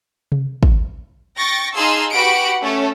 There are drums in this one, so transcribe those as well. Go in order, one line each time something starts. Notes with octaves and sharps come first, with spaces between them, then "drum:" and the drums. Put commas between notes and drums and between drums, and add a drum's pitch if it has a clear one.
drum: tom C3
drum: kick
G5 C#6 A6 A#6
D#4 G#4 F5 A5 C6 E6
F#4 G4 B4 F#5 B5 D7
A3 C#4 A4